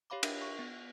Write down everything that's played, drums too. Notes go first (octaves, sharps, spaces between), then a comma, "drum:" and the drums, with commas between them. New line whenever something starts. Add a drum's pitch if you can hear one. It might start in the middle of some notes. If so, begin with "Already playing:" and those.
G4 C#5 F5 B5 D6
D4 A#4 E5, drum: cymbal
C#6
B3